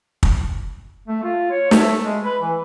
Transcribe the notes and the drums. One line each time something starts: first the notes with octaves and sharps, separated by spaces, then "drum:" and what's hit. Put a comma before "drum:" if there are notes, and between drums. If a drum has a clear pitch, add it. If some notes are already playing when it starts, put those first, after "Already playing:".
drum: kick
A3
F4
C#5
A3, drum: snare
G#3
B4
E3